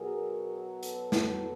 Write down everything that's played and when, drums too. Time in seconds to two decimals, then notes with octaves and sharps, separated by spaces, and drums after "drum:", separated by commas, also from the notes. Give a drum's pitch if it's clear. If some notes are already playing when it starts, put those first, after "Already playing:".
Already playing: B2 F#3 B3 G#4 A#4
0.83 A4 B4, drum: hi-hat
1.12 drum: snare